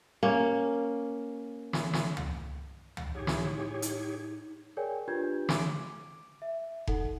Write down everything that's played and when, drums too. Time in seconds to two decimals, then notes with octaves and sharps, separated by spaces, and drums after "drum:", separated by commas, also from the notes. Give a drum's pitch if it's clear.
0.23 A#3 C#4
1.73 drum: snare
1.93 drum: snare
2.17 drum: tom
2.97 drum: tom
3.15 A2 D#4 G4 G#4 C#5
3.27 drum: snare
3.82 drum: hi-hat
4.77 G#4 A#4 C#5 D5 G5 G#5
5.08 D4 F4 G4 B4 G6 G#6
5.49 D6 D7, drum: snare
6.42 E5
6.87 D#4 A4 F#5, drum: kick F1